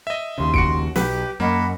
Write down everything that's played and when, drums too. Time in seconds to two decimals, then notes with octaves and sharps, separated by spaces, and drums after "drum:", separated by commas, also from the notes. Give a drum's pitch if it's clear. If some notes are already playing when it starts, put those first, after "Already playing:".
0.07 D#5 E5
0.38 D#2 C#3 C6
0.54 F#4 C#7 D7, drum: kick
0.96 B1 G4 B4, drum: snare
1.40 F#2 A#3 D#5 F#5 B5